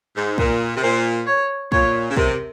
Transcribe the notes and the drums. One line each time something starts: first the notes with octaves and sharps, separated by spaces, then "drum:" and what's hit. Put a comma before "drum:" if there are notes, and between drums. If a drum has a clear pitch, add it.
G#2
A#2 A#4, drum: kick
C3
A#2 C5
C#5
A#2 C#5, drum: kick
C#3
C3 A#4, drum: kick